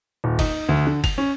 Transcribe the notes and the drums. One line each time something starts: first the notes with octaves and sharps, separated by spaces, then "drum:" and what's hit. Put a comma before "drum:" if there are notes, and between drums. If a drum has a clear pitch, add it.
D#1
D#4, drum: kick, cymbal
D2
D3
F7, drum: kick, cymbal
C#4